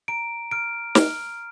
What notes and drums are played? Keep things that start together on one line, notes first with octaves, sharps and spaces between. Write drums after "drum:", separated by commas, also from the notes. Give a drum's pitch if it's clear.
A#5 D7
F6 D7
F6, drum: snare